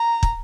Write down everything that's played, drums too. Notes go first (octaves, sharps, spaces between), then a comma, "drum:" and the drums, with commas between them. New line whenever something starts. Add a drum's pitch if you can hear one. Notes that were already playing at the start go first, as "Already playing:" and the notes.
Already playing: A#5
drum: kick